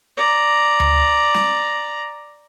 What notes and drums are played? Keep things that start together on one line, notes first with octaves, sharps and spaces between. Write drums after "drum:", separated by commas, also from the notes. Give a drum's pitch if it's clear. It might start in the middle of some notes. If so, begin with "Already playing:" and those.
D5 A#5
drum: tom D2
drum: snare